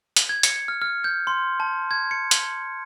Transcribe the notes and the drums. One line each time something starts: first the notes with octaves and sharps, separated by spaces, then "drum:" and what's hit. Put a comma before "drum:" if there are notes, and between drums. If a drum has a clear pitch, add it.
drum: hi-hat
G#6
C#7, drum: hi-hat
F6
F6
G6
C6
A5
G#6
C#7
drum: hi-hat